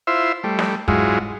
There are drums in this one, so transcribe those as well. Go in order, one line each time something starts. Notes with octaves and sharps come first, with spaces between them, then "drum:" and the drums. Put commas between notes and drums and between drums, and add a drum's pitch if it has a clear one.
E4 F4 C5 E5
G3 A3
drum: snare
G#2 F#3 G#3 E4 F4, drum: kick